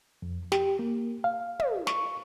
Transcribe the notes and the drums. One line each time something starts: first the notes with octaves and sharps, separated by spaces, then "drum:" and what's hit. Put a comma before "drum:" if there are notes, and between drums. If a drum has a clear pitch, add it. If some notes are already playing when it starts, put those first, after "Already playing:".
F2
G4, drum: snare
A#3
F5
drum: tom
C#6, drum: snare